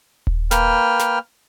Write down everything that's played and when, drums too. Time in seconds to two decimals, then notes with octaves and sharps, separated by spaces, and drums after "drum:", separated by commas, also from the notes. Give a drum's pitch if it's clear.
0.27 drum: kick D#1
0.51 A#3 B4 G5 F6, drum: snare
0.99 drum: snare